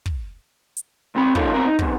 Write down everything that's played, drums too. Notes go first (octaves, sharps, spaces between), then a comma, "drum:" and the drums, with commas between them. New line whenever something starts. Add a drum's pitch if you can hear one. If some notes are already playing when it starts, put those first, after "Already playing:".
drum: kick
drum: hi-hat
C#2 C4 B5
F3 A#3 C#4 D#4 F4 A4, drum: kick
B2 C4 A#4
D#4
E2 G#2 B2, drum: kick